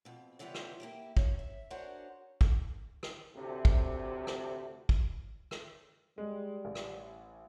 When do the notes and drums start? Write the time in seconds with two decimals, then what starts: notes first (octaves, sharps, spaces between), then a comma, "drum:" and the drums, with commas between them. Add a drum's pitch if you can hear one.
0.05 F2 B2
0.39 C#3 E3 F3 G3 B3 F4
0.54 drum: rim click
0.80 A#3 E4 G4
1.17 C#4, drum: kick
1.39 E5
1.70 D4 F#4 G#4 A#4 C5 C#5
2.41 drum: kick
3.03 drum: rim click
3.36 D2 A2 C3
3.65 drum: kick
4.27 drum: rim click
4.89 drum: kick
5.51 drum: rim click
6.18 G3 G#3
6.65 A1
6.75 drum: rim click